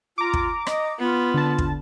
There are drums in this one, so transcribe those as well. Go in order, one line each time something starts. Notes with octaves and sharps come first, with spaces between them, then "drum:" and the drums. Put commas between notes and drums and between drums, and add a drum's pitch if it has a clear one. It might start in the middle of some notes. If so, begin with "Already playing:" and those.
F4 A#5 D6
drum: kick
D#5, drum: rim click
B3 F4
D3 A5
drum: kick